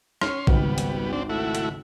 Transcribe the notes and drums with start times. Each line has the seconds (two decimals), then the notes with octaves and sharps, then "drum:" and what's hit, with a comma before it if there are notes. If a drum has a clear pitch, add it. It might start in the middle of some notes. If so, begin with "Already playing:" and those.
0.21 C#4 C6 F6, drum: rim click
0.47 G#1 C#2 G3 B3, drum: kick
0.78 drum: hi-hat
1.13 C4 D4
1.30 A3 E4 F#4
1.55 drum: hi-hat